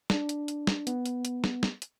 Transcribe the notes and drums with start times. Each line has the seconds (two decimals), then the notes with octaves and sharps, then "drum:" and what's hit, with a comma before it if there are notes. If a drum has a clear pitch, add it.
0.10 D4, drum: snare
0.29 drum: hi-hat
0.48 drum: hi-hat
0.67 drum: snare
0.87 B3, drum: hi-hat
1.06 drum: hi-hat
1.25 drum: hi-hat
1.44 drum: snare
1.63 drum: snare
1.82 drum: hi-hat